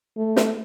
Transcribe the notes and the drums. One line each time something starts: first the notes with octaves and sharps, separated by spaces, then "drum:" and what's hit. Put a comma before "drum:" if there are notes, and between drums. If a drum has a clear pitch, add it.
A3
drum: snare